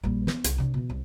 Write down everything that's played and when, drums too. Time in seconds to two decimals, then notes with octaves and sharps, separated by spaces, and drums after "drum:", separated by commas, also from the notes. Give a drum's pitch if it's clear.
0.03 A#1 G3
0.27 B3, drum: snare
0.44 C2, drum: hi-hat
0.58 C3 D4
0.74 B2 E3
0.90 C2